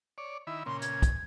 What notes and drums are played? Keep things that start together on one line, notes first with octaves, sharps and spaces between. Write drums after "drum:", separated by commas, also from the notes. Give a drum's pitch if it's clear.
C#5 D5
D#3 E4 B5
A#2 C#3 C6
G#6, drum: hi-hat
drum: kick, hi-hat